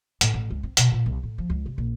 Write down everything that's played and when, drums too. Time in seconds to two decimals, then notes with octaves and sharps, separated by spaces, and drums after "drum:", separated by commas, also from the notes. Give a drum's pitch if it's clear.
0.21 A2, drum: hi-hat
0.34 A1
0.50 C#2
0.63 C4
0.77 B2, drum: hi-hat
0.92 A#2
1.06 C2
1.23 A2
1.38 F3
1.50 C#2
1.66 C3
1.78 A#1